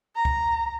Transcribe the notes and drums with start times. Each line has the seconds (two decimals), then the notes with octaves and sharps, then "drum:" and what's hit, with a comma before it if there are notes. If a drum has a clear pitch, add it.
0.16 A#5
0.25 drum: kick C2